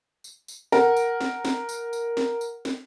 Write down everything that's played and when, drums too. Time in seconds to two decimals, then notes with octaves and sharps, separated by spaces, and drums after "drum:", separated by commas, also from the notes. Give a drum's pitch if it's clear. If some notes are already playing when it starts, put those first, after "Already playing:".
0.24 drum: tambourine
0.48 drum: tambourine
0.72 A#4 F#5, drum: snare
0.96 drum: tambourine
1.21 drum: snare
1.45 drum: snare
1.69 drum: tambourine
1.93 drum: tambourine
2.17 drum: snare
2.41 drum: tambourine
2.65 drum: snare